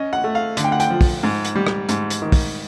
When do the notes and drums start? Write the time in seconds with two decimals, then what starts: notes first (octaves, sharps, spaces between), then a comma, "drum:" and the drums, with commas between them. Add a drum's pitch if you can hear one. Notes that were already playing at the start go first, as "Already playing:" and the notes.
Already playing: C#4 D#5
0.13 F#5
0.24 A3
0.35 F5
0.57 D3, drum: hi-hat
0.64 G5
0.72 F#5
0.80 G5, drum: hi-hat
0.90 F3
1.01 drum: kick, open hi-hat
1.23 G#2
1.45 drum: hi-hat
1.55 G3
1.67 drum: rim click
1.89 G#2, drum: hi-hat
2.10 drum: hi-hat
2.22 D#3
2.32 drum: kick, open hi-hat